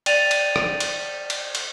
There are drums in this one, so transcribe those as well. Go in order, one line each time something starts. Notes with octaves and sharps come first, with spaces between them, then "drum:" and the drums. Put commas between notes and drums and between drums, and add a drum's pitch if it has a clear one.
D5 G5 A6 D#7 F7 F#7, drum: cymbal
drum: cymbal
drum: rim click
drum: cymbal
drum: cymbal
drum: cymbal